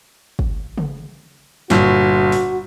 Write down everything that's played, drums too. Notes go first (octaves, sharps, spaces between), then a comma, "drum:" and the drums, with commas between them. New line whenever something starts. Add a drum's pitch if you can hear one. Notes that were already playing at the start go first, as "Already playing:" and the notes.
drum: kick
drum: tom C#3
G1 A#2 F#4, drum: snare
drum: open hi-hat